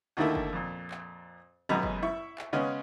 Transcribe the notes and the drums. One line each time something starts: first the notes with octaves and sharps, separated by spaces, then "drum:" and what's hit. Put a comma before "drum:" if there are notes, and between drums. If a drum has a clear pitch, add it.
D#2 D3 D#3 A3 A#3 E4
drum: kick F#1
F2 A#2
drum: clap
A1 F#2 B2 G#3 A#5 B5
drum: kick F#1
E4 E5 C#6
drum: clap
C#3 G#3 B3 C#4